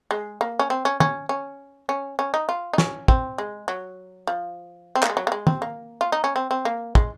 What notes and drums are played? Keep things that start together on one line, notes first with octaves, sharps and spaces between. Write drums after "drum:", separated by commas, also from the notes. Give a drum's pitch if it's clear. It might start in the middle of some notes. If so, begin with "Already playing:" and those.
G#3
A#3
C#4
C4
C#4
C#4, drum: tom
C#4
C#4
C#4
D#4
F4
D#4
C#4, drum: snare
C4, drum: kick
G#3
F#3
F3
C4
A#3, drum: clap
G#3
F#3
A#3
G#3
C4, drum: tom
A#3
F4
D#4
C#4
C4
C4
A#3
G#3, drum: kick